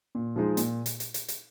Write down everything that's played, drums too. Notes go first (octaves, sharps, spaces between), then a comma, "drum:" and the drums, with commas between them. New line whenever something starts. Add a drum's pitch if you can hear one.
A#2
F3 G#3 D#4 G#4
A#2, drum: hi-hat
drum: hi-hat
drum: hi-hat
drum: hi-hat
drum: hi-hat